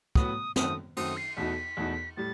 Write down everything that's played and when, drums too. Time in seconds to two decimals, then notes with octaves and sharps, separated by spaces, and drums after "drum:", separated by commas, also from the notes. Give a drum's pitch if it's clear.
0.15 A2 F#3 B3 F#4 D#6, drum: kick
0.56 F#2 D#3 A3 C4 F#4 D#6, drum: snare
0.97 F#2 D#3 A3 C4 F#4 D#6, drum: cymbal
1.17 C7
1.37 E2 B2 A3 D#4 F#4 B6
1.77 E2 B2 A3 D#4 F#4
2.17 A2 G3 A6